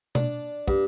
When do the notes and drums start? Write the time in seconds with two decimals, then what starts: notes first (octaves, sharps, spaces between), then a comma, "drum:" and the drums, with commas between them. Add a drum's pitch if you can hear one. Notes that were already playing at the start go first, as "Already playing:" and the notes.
0.15 D4, drum: tom B2
0.68 G2, drum: kick